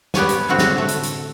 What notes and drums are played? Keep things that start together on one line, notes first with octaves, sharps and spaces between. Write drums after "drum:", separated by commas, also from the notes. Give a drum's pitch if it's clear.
B3 G4 C#5 G#5, drum: snare
drum: hi-hat
A2 D3 C4 F#4 F#5
drum: snare
A3
drum: hi-hat
drum: hi-hat